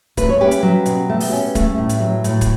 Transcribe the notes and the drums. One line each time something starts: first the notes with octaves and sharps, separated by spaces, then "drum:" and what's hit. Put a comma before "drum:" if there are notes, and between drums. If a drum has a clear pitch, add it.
A3 B4, drum: kick, hi-hat
C#5
C#4 G4 B4
drum: hi-hat
F#3
B2, drum: hi-hat
A3
drum: open hi-hat
C#4
A3, drum: kick, hi-hat
A2
drum: hi-hat
F#3
A2, drum: hi-hat
drum: kick, hi-hat